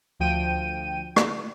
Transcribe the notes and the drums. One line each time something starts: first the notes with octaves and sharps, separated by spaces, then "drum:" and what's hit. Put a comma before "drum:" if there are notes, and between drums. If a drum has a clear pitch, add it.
D2 F3 G5 D#7
drum: rim click